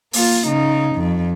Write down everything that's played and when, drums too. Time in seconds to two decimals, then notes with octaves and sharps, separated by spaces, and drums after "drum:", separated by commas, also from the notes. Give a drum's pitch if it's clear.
0.13 A#3 F4, drum: open hi-hat
0.47 C#3 D#4
0.96 F2